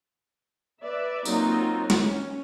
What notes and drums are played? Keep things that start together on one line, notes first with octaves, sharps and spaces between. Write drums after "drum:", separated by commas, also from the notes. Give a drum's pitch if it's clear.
B4 D5 E5
F#3 A#3 C4 D#4 F4, drum: tambourine
drum: snare
C#4